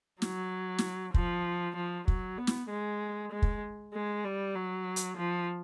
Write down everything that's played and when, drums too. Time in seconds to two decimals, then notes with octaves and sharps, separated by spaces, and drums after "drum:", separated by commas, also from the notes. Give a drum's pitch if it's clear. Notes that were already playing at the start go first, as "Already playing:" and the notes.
0.22 F#3, drum: snare
0.78 drum: snare
1.14 F3, drum: kick
1.76 F3
2.08 F#3, drum: kick
2.38 B3
2.47 drum: snare
2.69 G#3
3.32 G#3
3.42 drum: kick
3.94 G#3
4.24 G3
4.55 F#3
4.96 drum: hi-hat
5.17 F3